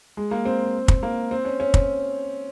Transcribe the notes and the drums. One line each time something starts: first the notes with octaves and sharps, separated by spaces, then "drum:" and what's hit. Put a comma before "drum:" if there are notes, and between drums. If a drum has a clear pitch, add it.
G#3
A#3
C4
drum: kick
A#3
C4
C#4
C#4
drum: kick